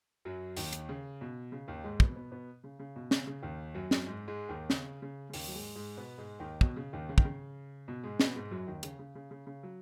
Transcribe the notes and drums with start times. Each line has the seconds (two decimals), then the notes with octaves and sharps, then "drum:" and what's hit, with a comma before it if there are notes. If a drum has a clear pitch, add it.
0.25 F#2 F#3
0.57 D#2 D#3, drum: open hi-hat
0.73 drum: hi-hat
0.89 C#3
1.21 B2
1.52 C#3
1.68 D#2 D#3
1.84 G#2 G#3
2.00 B2 B3, drum: kick
2.16 B2 B3
2.31 B2 B3
2.64 C#3
2.79 C#3
2.96 B2
3.11 C#3, drum: snare
3.27 C#3
3.42 D#2 D#3
3.74 F#2 F#3
3.91 drum: snare
4.06 G#2 G#3
4.27 G#2 G#3
4.49 D#2 D#3
4.70 C#3, drum: snare
5.02 C#3
5.30 C#3
5.33 D#2 D#3, drum: open hi-hat
5.48 F#3
5.55 G#2 G#3
5.75 G#2 G#3
5.97 B2 B3
6.18 G#2 G#3
6.40 D#2 D#3
6.61 B2, drum: kick
6.76 C#3
6.93 D#2 D#3
7.09 C#3
7.18 D#3, drum: kick
7.25 C#3
7.88 B2
8.03 G#2 G#3
8.20 B2 B3, drum: snare
8.36 G#2 G#3
8.51 F#2 F#3
8.67 D#2 D#3
8.83 C#3, drum: hi-hat
8.99 C#3
9.15 C#3
9.31 C#3
9.47 C#3
9.63 F#3